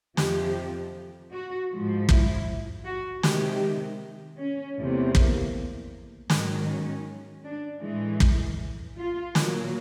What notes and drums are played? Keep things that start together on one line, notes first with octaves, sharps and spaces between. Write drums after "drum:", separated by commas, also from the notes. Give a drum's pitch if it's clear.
F2 C3 F3 G4, drum: snare
F#4
G#2 F3 G#3
E4, drum: kick
F#4
C3 D#3 G#3 G4, drum: snare
C#4
E2 C3 E3 A3
A#3, drum: kick
G#2 D#3 F#3, drum: snare
C#4
D4
A2 E3 G#3
drum: kick
F4
A#2 F#3 A#3, drum: snare